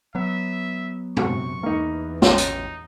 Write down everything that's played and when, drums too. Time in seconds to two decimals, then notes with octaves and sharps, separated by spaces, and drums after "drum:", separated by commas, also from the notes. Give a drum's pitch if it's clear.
0.15 F#3 B3 E5
1.17 F#2 C3 C4 F#4 C#6, drum: tom A2
1.63 E2 E3 A#3 D#4
2.22 A1 C#4 D#4 G5, drum: snare
2.38 drum: hi-hat